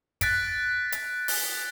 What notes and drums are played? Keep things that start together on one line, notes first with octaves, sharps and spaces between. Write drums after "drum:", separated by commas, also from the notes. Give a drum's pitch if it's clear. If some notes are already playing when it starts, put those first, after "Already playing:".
F#6 A6 B6 D7, drum: kick, hi-hat
drum: hi-hat
drum: open hi-hat